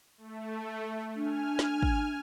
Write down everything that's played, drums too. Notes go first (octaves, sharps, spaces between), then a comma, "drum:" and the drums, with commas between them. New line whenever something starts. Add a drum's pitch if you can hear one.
A3
D4 G#5 F6
drum: snare
drum: kick